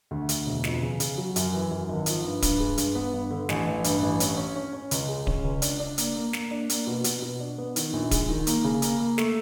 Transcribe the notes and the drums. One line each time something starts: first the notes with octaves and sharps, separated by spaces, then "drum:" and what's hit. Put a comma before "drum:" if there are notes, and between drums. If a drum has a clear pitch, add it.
D2
D2, drum: hi-hat
E1
F2, drum: snare
C#3
C#3, drum: hi-hat
F#3
F#2, drum: hi-hat
E3
F#2
G#1
F3, drum: hi-hat
G2
G2, drum: kick D1, hi-hat
G#3
G2, drum: hi-hat
B3
G2
D3
A1, drum: snare
A1
G2, drum: hi-hat
A1
C#4, drum: hi-hat
C#4
C#4
C#4
C#2, drum: hi-hat
G#3
C#4, drum: kick D1
C#2
D4, drum: hi-hat
D4
A#3, drum: hi-hat
A#3
A#3, drum: snare
D4
A#3, drum: hi-hat
B2
B2, drum: hi-hat
B2
D4
B3
D#3, drum: hi-hat
A#1
G#3, drum: kick D1, hi-hat
D#3
A#3, drum: hi-hat
C#3
A#3, drum: hi-hat
A#3
A3, drum: snare